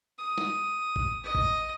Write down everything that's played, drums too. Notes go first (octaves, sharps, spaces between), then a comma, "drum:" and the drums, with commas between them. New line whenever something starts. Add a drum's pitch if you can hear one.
D#6
drum: snare
drum: kick
D#5
drum: kick